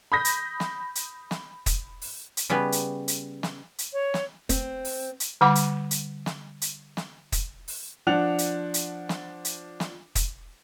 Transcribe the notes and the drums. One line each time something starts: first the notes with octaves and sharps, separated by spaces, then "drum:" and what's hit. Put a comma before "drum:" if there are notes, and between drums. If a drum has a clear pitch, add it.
B5 D#6 G6 A#6 B6
drum: hi-hat
drum: snare
drum: hi-hat
drum: snare
drum: kick, hi-hat
drum: open hi-hat
drum: hi-hat
C#3 G3 B3 B4
drum: hi-hat
drum: hi-hat
drum: snare
drum: hi-hat
C#5
drum: snare
C4, drum: kick, hi-hat
drum: open hi-hat
drum: hi-hat
D3 G3 F#5 B5 D6
drum: hi-hat
drum: hi-hat
drum: snare
drum: hi-hat
drum: snare
drum: kick, hi-hat
drum: open hi-hat
F3 D4 F#5 F#6 F7
drum: hi-hat
drum: hi-hat
drum: snare
drum: hi-hat
drum: snare
drum: kick, hi-hat